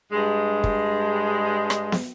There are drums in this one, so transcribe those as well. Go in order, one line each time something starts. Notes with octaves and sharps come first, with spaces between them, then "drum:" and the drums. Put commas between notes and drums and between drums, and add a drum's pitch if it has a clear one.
G2 G#3
drum: kick
drum: rim click
drum: snare